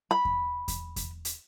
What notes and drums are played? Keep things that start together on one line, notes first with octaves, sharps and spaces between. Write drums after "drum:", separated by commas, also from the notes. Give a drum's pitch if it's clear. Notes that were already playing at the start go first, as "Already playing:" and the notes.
B5
drum: kick E2
drum: kick E2, hi-hat
drum: kick E2, hi-hat
drum: hi-hat